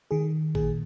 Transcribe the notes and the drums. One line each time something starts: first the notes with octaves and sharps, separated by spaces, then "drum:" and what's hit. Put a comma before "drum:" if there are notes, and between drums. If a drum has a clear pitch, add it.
D#3 G#4
A#2 G#4, drum: kick A1